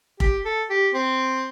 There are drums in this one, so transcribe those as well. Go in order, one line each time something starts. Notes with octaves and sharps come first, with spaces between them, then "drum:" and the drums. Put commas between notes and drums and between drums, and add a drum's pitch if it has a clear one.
G4, drum: kick F1
A4
G4
C4